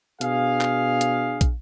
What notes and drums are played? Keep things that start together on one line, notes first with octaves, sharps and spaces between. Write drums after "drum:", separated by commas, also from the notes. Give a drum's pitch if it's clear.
B2 D4 G#4 F5, drum: hi-hat
drum: clap
drum: hi-hat
drum: kick, hi-hat